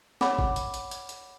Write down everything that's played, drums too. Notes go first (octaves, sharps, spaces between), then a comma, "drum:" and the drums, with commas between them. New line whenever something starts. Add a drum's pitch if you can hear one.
C#5 F#5 B5 D6, drum: snare
drum: kick G1
drum: hi-hat
drum: hi-hat
drum: hi-hat
drum: hi-hat